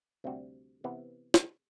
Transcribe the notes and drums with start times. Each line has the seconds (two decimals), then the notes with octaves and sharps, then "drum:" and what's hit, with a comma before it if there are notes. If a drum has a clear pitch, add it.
0.24 D2 C3 G3 C4 F#4
0.84 C3 E3 B3
1.34 drum: snare